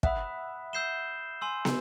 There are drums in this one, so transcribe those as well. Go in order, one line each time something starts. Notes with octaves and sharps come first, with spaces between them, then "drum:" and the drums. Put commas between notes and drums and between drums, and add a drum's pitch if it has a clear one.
E5 F#5 B5 D#6 F#6, drum: kick
E6 G6 C7 E7 G7
G#5 C6 E6
drum: snare